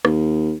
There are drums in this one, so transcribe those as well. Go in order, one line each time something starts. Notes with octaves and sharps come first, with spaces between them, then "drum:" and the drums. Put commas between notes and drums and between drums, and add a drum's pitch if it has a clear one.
D#2, drum: rim click